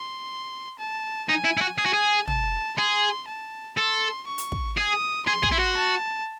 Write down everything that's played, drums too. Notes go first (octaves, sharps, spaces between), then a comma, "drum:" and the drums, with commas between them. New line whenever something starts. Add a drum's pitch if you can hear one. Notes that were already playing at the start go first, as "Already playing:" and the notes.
Already playing: C6
A5
D#4 G#5
E4
E4
F#4
G#4 G#5
F#4
G#4
A5, drum: tom
G#4 C6
A5
A4 C6
C#6
drum: hi-hat
drum: kick
G#4 D#6
G#4 C6
G#4, drum: kick
E4
F#4
A5